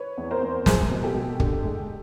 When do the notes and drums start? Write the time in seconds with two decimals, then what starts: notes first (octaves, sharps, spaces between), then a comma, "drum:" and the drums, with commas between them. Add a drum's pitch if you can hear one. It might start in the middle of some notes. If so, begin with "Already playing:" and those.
Already playing: B4 C#5
0.17 E2
0.31 A#4 C5
0.43 E2
0.66 G#3 G#4 A#4, drum: snare
0.91 B2
1.03 G4 A4
1.16 B2
1.40 D3, drum: kick
1.63 G#3